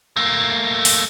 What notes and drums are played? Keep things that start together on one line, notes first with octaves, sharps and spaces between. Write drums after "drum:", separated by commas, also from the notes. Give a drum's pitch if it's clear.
A3 A#3
drum: open hi-hat